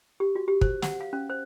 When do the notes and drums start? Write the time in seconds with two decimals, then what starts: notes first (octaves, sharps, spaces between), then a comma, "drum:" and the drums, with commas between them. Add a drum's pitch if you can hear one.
0.20 G4
0.35 F#4
0.48 G4
0.61 C5, drum: kick
0.82 F#5, drum: snare
1.01 F5
1.13 C#4
1.30 C5